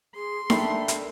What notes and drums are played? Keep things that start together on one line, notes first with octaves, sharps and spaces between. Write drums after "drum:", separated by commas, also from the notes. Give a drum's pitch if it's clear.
G#4 C6
D4 A4 A#4 E5 G5 B5, drum: snare D#4
drum: hi-hat